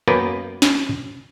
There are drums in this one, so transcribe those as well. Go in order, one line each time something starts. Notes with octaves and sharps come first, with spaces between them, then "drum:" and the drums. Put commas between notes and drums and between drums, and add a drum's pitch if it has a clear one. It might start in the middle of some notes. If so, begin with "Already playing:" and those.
F#2 A#3 B3 B4 G5
drum: snare